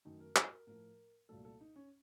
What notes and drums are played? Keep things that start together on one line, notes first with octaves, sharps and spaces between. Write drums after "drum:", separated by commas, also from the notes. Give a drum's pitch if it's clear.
F#2 D#3 A3 D#4
A#4
F#4, drum: clap
A#4
A2 F3 A3 A#4
C2 A#2 F#3 A3 A4
A4
D#4
C#4